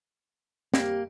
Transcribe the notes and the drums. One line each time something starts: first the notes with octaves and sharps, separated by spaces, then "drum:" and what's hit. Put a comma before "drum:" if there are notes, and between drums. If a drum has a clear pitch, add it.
A#3 G4, drum: snare